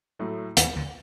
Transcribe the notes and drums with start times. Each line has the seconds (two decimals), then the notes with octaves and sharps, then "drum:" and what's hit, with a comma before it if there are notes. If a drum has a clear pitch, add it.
0.19 A2 F#3 A3
0.57 D#2 D#3, drum: hi-hat
0.76 D2 D3